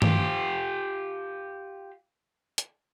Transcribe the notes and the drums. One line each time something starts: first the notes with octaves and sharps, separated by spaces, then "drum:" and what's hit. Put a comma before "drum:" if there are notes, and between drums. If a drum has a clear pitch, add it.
F4 G4, drum: tom G2
drum: hi-hat